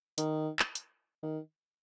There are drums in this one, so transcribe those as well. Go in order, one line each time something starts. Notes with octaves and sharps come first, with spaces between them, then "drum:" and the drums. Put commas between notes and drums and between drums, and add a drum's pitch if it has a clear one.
D#3, drum: hi-hat
drum: clap
drum: hi-hat
D#3